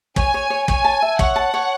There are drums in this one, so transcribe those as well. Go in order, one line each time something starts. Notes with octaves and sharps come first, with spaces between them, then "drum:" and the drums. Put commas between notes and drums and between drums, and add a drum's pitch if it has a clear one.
C#5 G#5, drum: kick
C#5
C#5
C#5 G#5, drum: kick
A5
E5
C#5 F#5, drum: kick
A5
C#5